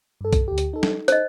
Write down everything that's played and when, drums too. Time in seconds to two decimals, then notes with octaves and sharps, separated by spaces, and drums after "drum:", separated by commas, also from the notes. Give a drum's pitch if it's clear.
0.21 G2 A4
0.33 drum: kick B1, hi-hat
0.48 D2 G4
0.58 drum: hi-hat
0.73 D#4 A4
0.83 drum: snare
1.08 C5 D#5, drum: hi-hat